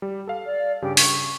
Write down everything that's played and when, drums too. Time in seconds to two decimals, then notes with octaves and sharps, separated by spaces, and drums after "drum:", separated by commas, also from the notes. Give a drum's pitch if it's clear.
0.02 G3
0.27 A4 F5
0.46 D5
0.82 G2 C#3 G4
0.97 C#6, drum: open hi-hat